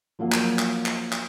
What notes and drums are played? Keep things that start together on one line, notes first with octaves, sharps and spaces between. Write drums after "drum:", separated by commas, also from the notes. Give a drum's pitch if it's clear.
F3 F#3 A#3 F5
drum: clap
drum: clap
drum: clap
drum: clap